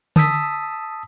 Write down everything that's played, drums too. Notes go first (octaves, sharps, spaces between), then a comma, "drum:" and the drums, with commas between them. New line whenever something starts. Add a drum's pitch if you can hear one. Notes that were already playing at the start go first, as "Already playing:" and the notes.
A5 D#6 E6 B6, drum: tom D3